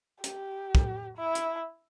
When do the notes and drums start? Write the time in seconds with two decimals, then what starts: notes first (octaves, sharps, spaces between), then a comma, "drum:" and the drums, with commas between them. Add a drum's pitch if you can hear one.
0.24 G4, drum: hi-hat
0.75 drum: kick
1.17 E4
1.35 drum: hi-hat